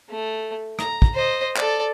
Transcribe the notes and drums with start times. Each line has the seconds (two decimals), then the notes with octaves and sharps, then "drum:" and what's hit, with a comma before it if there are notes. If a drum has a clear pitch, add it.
0.10 A3
0.79 A#5, drum: rim click
1.02 drum: kick
1.14 C5 D#5
1.56 A4 D5, drum: clap